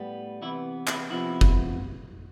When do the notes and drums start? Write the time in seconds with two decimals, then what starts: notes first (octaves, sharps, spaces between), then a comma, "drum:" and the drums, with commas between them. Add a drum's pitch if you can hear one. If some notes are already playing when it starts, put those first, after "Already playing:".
Already playing: A2 G3 B3
0.42 C3 E3 B3 E4
0.87 E4, drum: clap
1.10 C3 F3 B3 E4
1.41 drum: kick